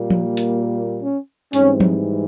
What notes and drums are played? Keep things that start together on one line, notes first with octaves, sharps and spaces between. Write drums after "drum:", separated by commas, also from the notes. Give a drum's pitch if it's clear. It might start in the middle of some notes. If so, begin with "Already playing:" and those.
Already playing: A#2 G3 A#3
drum: tom F3
drum: hi-hat
C#4
G#2 E3 G3 C4 C#4, drum: hi-hat
drum: tom F3